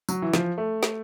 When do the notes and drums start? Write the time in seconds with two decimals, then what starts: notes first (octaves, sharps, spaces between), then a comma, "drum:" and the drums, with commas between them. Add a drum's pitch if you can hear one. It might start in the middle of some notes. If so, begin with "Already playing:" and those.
0.09 F#3, drum: tambourine
0.22 E3
0.34 F3, drum: snare
0.58 A3
0.83 drum: snare